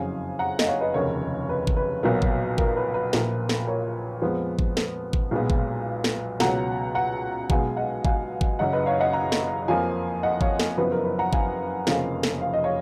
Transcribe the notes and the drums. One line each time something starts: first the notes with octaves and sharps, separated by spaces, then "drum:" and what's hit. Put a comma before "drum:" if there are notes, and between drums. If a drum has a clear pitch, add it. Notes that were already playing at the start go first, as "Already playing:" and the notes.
Already playing: F#1 F2 C#3 F#3 F5 G#5
F#5 A#5
D#5, drum: snare
C#5 F5
B4 D#5
F1 D#2 C#3 A#4 C#5
B4
drum: kick G#1
B4
B1 A#2 F#3 B3 A#4
drum: kick G#1
A#4, drum: kick G#1
B4
B4
A#1 A#2 F3 A#3, drum: snare
drum: snare
A#4 C#5
F2 F3 G#3 B3
drum: kick G#1
drum: snare
drum: kick G#1
B1 A#2 G#3 B3
drum: kick G#1
drum: snare
C#2 B2 F#3 F#5 A#5, drum: snare
F#5 A#5
B1 B2 G#3 B3 F5 G#5, drum: kick G#1
D#5 F#5
F5 G#5, drum: kick G#1
drum: kick G#1
F#1 F#2 C#3 D#5 F#5
B4 D#5
C#5 F5
D#5 F#5
F#5 A#5
drum: snare
F2 F3 A#3 F5 G#5
D#5 F#5
C#5 F5, drum: kick G#1
drum: snare
F#1 F#2 F3 B3 B4
A#4
B4
F#5 A#5
F5 G#5, drum: kick G#1
F1 F2 C#3 F3 A#3 F5 G#5, drum: snare
drum: snare
F5
D#5
C#5 F5